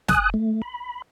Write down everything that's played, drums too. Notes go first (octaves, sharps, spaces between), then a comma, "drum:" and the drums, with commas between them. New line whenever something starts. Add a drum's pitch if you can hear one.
G#5 D#6 F#6, drum: snare
A3
B5